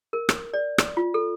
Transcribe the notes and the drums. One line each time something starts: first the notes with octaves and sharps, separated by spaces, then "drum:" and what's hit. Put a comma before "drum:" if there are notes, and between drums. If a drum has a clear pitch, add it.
A#4
drum: rim click
D5
drum: rim click
F4
A4